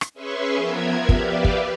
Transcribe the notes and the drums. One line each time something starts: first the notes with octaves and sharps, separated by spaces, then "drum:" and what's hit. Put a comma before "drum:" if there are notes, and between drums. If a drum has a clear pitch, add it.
drum: rim click
C#4 G#4 B4 E5 C6 C#6
F3 B3 A#4 E5 G#6
G4 B4 D5 E5 F5, drum: kick
drum: kick